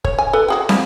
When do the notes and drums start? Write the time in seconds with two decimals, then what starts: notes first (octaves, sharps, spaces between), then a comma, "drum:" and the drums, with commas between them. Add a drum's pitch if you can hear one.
0.04 C#5, drum: kick
0.19 G#5
0.33 A4 B4
0.48 F#4 G#4 G5
0.69 F3 D4 E4, drum: snare